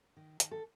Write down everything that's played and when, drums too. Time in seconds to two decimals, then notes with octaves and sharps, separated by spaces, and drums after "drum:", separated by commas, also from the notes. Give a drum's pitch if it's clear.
0.17 D#3
0.40 D#3, drum: hi-hat
0.51 A4